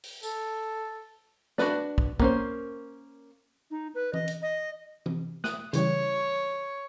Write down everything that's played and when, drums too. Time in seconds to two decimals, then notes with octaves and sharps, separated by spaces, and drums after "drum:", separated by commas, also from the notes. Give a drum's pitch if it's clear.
0.03 drum: open hi-hat
0.23 A4, drum: tambourine
1.58 D4 F#4 A4 B4 D5, drum: snare
1.98 drum: kick
2.20 A#3 C#4 C5, drum: kick
3.71 D#4
3.95 B4
4.13 D#5, drum: tom E3
4.28 drum: hi-hat
4.42 D#5
5.06 C3, drum: tom E3
5.44 D#6 F#6, drum: snare
5.73 C#3 E3 G3 C#5, drum: hi-hat